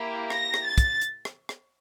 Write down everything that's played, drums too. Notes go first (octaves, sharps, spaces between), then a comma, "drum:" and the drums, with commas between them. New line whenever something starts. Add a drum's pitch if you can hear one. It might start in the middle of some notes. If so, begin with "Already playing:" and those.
Already playing: A#3 E4 G4
A#6, drum: rim click
drum: rim click
A6
drum: kick, hi-hat
drum: hi-hat
drum: rim click
drum: rim click